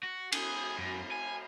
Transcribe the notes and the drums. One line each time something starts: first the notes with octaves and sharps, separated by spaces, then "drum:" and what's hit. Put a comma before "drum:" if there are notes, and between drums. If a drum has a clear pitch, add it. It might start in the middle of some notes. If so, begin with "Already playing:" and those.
F#4
G#4, drum: cymbal
F#2
G#5